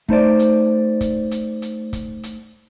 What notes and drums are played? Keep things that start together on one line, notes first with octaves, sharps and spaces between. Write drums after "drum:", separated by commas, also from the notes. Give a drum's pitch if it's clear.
A3 D#4 C5 D5, drum: kick
drum: hi-hat
drum: kick, hi-hat
drum: hi-hat
drum: hi-hat
drum: kick, hi-hat
drum: hi-hat